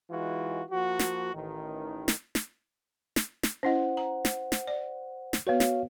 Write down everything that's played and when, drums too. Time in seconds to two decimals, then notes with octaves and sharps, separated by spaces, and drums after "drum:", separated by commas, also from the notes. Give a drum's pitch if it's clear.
0.10 E3 G#3 D#4 F4 F#4
0.71 F3 A#3 F#4
0.99 drum: snare
1.34 A1 D#3
2.08 drum: snare
2.35 drum: snare
3.16 drum: snare
3.43 drum: snare
3.63 C#4 E4 C5 D#5 F#5
3.97 A#5
4.25 drum: snare
4.52 drum: snare
4.67 D5
5.33 drum: snare
5.47 B3 F#4 B4 C#5 F5
5.60 drum: snare